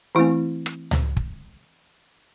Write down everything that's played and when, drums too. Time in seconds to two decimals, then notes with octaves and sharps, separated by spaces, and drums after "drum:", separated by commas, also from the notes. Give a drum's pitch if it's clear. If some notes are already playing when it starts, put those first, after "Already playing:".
0.15 E3 A3 C4 E4
0.66 drum: rim click
0.91 drum: tom C#2
1.17 drum: kick